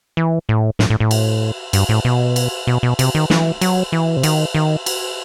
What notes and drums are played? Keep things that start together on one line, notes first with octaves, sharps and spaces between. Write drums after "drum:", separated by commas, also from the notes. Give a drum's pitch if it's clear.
E3
A2
A2, drum: snare
A2
A2
drum: cymbal
G2, drum: cymbal
A2
B2
drum: cymbal
B2
B2
C3, drum: cymbal
D#3
E3, drum: snare
F#3, drum: cymbal
E3
C3
D#3, drum: cymbal
D#3
drum: cymbal